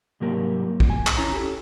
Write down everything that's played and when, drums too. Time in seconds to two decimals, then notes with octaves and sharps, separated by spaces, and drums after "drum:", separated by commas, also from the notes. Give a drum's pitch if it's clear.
0.20 C2 G#2 F#3 A#3 G4 A#4
0.80 drum: kick
0.90 G#5
1.07 drum: clap
1.17 C#4 E4 C#5 A#5
1.33 G4 A4